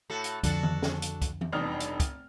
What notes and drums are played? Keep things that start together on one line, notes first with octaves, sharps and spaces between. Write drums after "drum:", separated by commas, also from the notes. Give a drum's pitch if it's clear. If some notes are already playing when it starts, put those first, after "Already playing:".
A2 F#4 A4
drum: hi-hat
F2 D3 D4 F#4 A4, drum: kick, hi-hat
drum: tom D#3
drum: snare
drum: hi-hat
drum: kick, hi-hat
drum: tom E3
F1 G2 B2 D#4 F6
drum: hi-hat
drum: kick, hi-hat